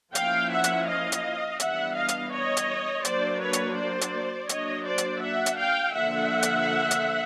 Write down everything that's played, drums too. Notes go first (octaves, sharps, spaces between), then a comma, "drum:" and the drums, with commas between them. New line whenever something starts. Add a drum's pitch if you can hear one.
F3 A#3 C#4 E4 F5 G5, drum: hi-hat
E5 F#5
drum: hi-hat
D#5 F5
drum: hi-hat
E3 G3 B3 D4 E5 F#5, drum: hi-hat
D#5 F5
drum: hi-hat
C#5 D#5
drum: hi-hat
F#3 A#3 D4 C5 D5, drum: hi-hat
B4 C#5
drum: hi-hat
C5 D5
drum: hi-hat
F#3 A#3 D4 C#5 D#5, drum: hi-hat
C5 D5
drum: hi-hat
E5 F#5
drum: hi-hat
F5 G5
D3 F3 A#3 D4 E5 F#5
drum: hi-hat
drum: hi-hat